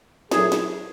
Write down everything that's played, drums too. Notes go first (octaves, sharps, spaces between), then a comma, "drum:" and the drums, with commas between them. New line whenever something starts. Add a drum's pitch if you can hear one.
A#2 F#3 A3 G#4, drum: snare
drum: snare